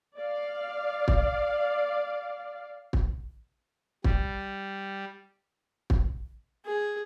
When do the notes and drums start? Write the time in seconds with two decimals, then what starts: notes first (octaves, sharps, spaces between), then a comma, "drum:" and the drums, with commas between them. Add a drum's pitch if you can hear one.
0.18 D5 F5
1.08 drum: kick
2.93 drum: kick
4.04 G3, drum: kick
5.90 drum: kick
6.65 G#4